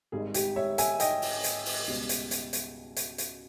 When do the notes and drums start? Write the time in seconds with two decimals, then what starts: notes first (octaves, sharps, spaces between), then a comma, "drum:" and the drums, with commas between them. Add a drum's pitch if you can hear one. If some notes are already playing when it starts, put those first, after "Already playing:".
0.12 G#1 G#2 G3 G#4
0.34 G4, drum: hi-hat
0.56 C#5 E5
0.78 E5 G#5, drum: hi-hat
1.00 D#5 G5, drum: hi-hat
1.22 drum: open hi-hat
1.44 drum: hi-hat
1.66 drum: open hi-hat
1.87 C#2 B2 G3
2.09 drum: hi-hat
2.31 drum: hi-hat
2.53 drum: hi-hat
2.96 drum: hi-hat
3.18 drum: hi-hat